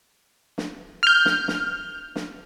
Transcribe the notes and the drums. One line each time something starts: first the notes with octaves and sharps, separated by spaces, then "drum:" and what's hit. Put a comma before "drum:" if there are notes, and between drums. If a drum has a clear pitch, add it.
drum: snare
F6 G6
drum: snare
drum: snare
drum: snare